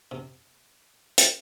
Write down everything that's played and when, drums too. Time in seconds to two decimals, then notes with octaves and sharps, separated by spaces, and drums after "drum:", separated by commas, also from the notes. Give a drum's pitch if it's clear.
0.11 C3
1.18 drum: hi-hat